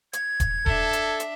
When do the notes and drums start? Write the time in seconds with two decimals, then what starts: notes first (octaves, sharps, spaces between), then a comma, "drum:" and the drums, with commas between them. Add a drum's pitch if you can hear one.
0.13 G#6, drum: hi-hat
0.40 drum: kick D#1, hi-hat
0.66 D4 A4 E5, drum: kick D#1
0.93 drum: hi-hat
1.20 drum: hi-hat